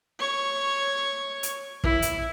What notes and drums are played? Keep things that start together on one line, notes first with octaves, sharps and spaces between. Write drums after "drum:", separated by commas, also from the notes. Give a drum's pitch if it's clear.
C#5 C#6
drum: hi-hat
E4, drum: kick
drum: hi-hat